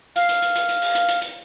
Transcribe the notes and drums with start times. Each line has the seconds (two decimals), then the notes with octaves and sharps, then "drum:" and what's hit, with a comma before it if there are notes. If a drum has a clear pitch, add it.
0.16 F5, drum: hi-hat
0.29 drum: hi-hat
0.42 drum: hi-hat
0.55 drum: hi-hat
0.69 drum: hi-hat
0.82 drum: open hi-hat
0.95 drum: hi-hat
1.08 drum: hi-hat
1.22 drum: hi-hat